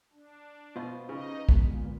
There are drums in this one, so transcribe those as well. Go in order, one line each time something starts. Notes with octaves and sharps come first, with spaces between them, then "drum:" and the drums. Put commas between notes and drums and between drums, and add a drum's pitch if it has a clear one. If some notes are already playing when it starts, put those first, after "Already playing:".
D4
B2 B3 F4 C5
C#3 D#4 B4 D#5
G2 A#2 D3 G#3 B3, drum: kick